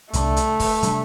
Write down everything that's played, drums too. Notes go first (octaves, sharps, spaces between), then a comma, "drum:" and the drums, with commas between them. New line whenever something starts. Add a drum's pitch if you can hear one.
C2 C3 G3 A3 D4, drum: hi-hat
drum: hi-hat
drum: kick, open hi-hat
C3 G3 D4, drum: hi-hat